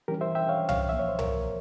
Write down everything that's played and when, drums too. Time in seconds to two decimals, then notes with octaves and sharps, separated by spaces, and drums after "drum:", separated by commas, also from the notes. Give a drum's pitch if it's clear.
0.08 E3 G3 C#4 G4 A#4
0.21 C5 E5
0.35 E5 G5
0.49 C#5 F5
0.69 C#5 F5, drum: tom C2
0.89 A#2 F3 A#3 E5
0.99 C#5
1.08 C5
1.19 A#4 C#5, drum: tom C2